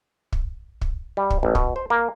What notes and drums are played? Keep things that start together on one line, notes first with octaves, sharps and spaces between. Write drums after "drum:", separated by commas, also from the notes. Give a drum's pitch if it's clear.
drum: kick
drum: kick
G3
drum: kick
A1
B2, drum: kick
C5
A#3